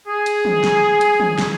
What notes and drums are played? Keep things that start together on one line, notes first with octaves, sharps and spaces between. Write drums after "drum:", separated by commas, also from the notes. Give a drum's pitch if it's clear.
G#4
drum: hi-hat
drum: tom
drum: snare
drum: hi-hat
drum: tom
drum: snare